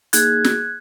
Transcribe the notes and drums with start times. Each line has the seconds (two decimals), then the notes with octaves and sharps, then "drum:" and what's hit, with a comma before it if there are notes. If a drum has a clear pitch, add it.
0.13 A#3 D#4 G#4 F#6 G#6, drum: hi-hat
0.44 drum: snare